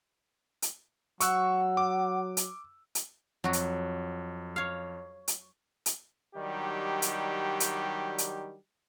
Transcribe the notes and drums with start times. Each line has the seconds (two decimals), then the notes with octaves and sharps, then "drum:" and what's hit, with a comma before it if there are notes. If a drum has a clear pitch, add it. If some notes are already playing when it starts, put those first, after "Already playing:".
0.62 drum: hi-hat
1.20 F#3 F#5 C#6 E6 F#6, drum: hi-hat
1.77 D6
2.37 drum: hi-hat
2.95 drum: hi-hat
3.44 F2 F#3 F#4
3.53 drum: hi-hat
4.56 C#5 F5
5.28 drum: hi-hat
5.86 drum: hi-hat
6.35 D#3 F#3 G3 D4 D#4 G4
7.02 drum: hi-hat
7.60 drum: hi-hat
8.18 drum: hi-hat